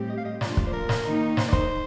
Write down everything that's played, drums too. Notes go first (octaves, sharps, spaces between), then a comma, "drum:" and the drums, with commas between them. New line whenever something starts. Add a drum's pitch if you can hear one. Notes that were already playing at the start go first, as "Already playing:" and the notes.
Already playing: A2 G3 C4 G4
D#5
F5
D#5
A#2 F3 A3 D4 F4 D5, drum: snare
drum: kick
C5
A#4
drum: snare
D#3 A#3 D#4
C5, drum: snare
D5
C5, drum: kick